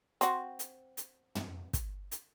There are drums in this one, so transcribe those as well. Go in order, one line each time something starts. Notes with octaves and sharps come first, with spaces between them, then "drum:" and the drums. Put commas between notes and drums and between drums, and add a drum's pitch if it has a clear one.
C4 F#4, drum: hi-hat
drum: hi-hat
drum: hi-hat
drum: tom
drum: kick, hi-hat
drum: hi-hat